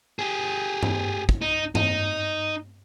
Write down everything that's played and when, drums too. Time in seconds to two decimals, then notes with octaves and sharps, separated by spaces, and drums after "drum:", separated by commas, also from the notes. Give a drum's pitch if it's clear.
0.19 G4 G#4
0.83 drum: tom G2
1.29 drum: kick
1.42 D#4
1.75 D#4, drum: tom G2